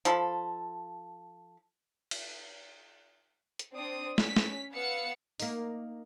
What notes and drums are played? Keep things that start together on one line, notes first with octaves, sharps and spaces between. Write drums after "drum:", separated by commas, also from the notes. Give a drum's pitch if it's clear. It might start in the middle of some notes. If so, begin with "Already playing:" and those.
F3 A4 B5, drum: hi-hat
drum: cymbal
drum: hi-hat
C4 D4 D#6
C#4 B6, drum: snare
drum: snare
B3 F5 F#5 E6 C#7
A#3 D#4, drum: open hi-hat